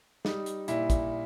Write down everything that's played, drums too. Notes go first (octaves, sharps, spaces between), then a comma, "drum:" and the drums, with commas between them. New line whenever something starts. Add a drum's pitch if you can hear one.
G3 D#4, drum: snare
drum: hi-hat
A#2 E4, drum: hi-hat
drum: kick, hi-hat